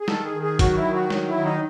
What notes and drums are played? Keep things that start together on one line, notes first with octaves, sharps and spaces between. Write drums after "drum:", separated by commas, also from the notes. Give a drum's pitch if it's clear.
G#4
D#3 A4, drum: snare
G#4
D#3
G#4
F#3 F#4, drum: kick G1, hi-hat
E4
D#3
F#4
F#3, drum: snare
E4
D#3
D#4